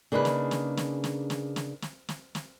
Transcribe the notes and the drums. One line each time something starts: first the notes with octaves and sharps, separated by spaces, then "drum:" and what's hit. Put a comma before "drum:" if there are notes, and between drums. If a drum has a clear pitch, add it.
C#3 A#3 D4 D#4 G#4 B4
drum: snare
drum: snare
drum: snare
drum: snare
drum: snare
drum: snare
drum: snare
drum: snare
drum: snare